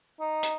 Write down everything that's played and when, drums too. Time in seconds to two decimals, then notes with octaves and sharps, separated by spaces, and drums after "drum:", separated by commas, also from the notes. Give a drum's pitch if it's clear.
0.20 D#4
0.43 drum: hi-hat